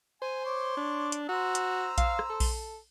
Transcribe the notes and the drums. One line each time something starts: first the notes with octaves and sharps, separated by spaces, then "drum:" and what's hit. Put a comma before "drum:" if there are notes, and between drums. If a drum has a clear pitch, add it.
C5 G#5
C#5 C6 D6
D4
drum: hi-hat
F#4 C5 A#5 E6
drum: hi-hat
F5, drum: kick A#1, hi-hat
drum: rim click
A4
drum: kick A#1, open hi-hat